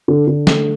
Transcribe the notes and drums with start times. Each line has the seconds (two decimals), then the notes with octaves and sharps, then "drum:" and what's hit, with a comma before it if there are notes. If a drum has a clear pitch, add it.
0.08 D3
0.27 D3
0.47 A3, drum: snare